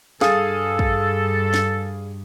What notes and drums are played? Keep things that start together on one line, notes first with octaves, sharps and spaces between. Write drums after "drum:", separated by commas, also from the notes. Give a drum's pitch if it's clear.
G2 G#4 A4 F5 D#6, drum: snare
drum: kick
drum: snare